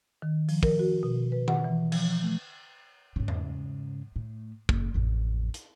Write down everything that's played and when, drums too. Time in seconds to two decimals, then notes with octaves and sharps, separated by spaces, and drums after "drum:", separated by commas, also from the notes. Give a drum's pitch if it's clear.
0.22 D#3
0.49 F3, drum: open hi-hat
0.63 A#4, drum: kick
0.79 F#4
1.03 B2
1.32 B4
1.48 F#5, drum: tom D#3
1.64 E3
1.92 F3, drum: cymbal
2.23 A3
3.16 G#2 C#3
3.28 drum: tom E2
4.16 A2
4.69 F#1, drum: kick
4.94 A1 F2
5.54 drum: hi-hat